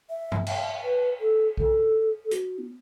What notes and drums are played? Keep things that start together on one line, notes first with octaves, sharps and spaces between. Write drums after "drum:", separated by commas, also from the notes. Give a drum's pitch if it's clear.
E5
drum: tom G2
E5, drum: cymbal
B4
A4
A4, drum: kick B1
A4
F#4, drum: hi-hat
B3